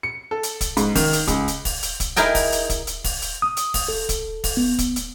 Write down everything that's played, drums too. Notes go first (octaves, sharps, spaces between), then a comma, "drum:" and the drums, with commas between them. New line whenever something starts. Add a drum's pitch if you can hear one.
C#7
A4
drum: hi-hat
drum: kick, hi-hat
G#2, drum: hi-hat
D#3, drum: kick, open hi-hat
drum: hi-hat
C#2, drum: kick, hi-hat
drum: hi-hat
drum: kick, open hi-hat
drum: hi-hat
drum: kick, hi-hat
D#4 E4 G#4 A#4 G5, drum: hi-hat
drum: kick, open hi-hat
drum: hi-hat
drum: kick, hi-hat
drum: hi-hat
drum: kick, open hi-hat
drum: hi-hat
D#6
drum: hi-hat
drum: kick, open hi-hat
A4
drum: kick, hi-hat
drum: kick, open hi-hat
B3
drum: kick, hi-hat
drum: hi-hat